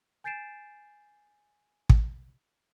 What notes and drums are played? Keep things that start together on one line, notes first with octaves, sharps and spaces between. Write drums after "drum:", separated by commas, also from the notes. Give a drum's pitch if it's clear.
G#5 G6 A6 C7 D7 E7
drum: kick